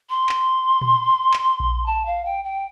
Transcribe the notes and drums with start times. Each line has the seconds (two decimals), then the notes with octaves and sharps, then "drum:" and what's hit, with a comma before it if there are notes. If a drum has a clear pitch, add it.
0.10 C6
0.29 drum: clap
0.81 drum: tom A#2
1.34 drum: clap
1.60 drum: kick A#1
1.86 A5
2.06 F5
2.25 G5
2.44 G5